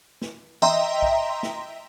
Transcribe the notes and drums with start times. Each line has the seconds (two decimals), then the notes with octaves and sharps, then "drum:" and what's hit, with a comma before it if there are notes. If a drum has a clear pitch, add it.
0.22 drum: snare
0.62 D#5 E5 G5 A#5 C6, drum: tom E3
1.02 drum: kick
1.43 drum: snare